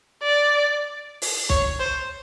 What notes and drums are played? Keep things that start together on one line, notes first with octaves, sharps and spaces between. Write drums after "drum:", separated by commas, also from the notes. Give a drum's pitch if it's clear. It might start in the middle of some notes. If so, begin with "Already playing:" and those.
D5
drum: open hi-hat
C#5, drum: kick
C5